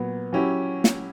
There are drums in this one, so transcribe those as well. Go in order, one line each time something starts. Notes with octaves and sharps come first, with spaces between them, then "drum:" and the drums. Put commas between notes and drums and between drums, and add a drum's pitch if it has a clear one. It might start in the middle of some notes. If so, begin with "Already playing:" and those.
Already playing: A#2 F#3 B3
F#3 C#4 E4 G4
drum: snare